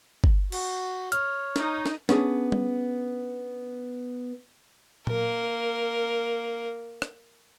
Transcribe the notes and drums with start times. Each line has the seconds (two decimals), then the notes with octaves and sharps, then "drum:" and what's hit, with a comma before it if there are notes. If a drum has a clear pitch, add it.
0.24 drum: kick G1
0.52 F#4, drum: cymbal
1.12 C#5 F6, drum: hi-hat
1.56 D#4, drum: snare
1.86 drum: snare
2.09 B3 C#4 D4 G#4, drum: snare
2.52 drum: tom
5.07 A#3 A#4, drum: tom A#2
7.02 drum: rim click